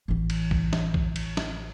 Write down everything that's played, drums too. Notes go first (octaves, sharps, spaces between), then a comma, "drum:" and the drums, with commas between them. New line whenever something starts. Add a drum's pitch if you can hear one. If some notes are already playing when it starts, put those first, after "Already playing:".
A1 E3
drum: cymbal
drum: kick B1
drum: snare
drum: kick B1
drum: cymbal
drum: snare